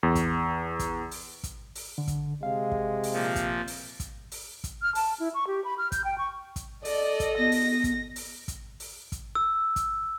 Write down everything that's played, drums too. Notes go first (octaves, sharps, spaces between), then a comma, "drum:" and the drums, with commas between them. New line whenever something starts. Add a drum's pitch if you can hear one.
E2
drum: kick, hi-hat
drum: kick, hi-hat
drum: open hi-hat
drum: kick, hi-hat
drum: open hi-hat
D3
drum: kick, hi-hat
C3 G#3 F5
drum: kick
drum: open hi-hat
A#2 F3
drum: kick, hi-hat
drum: open hi-hat
drum: kick, hi-hat
drum: open hi-hat
drum: kick, hi-hat
F6
A5, drum: open hi-hat
E4
C#6
G4
B5
F6
G6, drum: kick, hi-hat
G5
C#6
drum: kick, hi-hat
A4 D5 D#5, drum: open hi-hat
drum: kick, hi-hat
B3 A#6
drum: open hi-hat
drum: kick, hi-hat
drum: open hi-hat
drum: kick, hi-hat
drum: open hi-hat
drum: kick, hi-hat
E6
drum: kick, hi-hat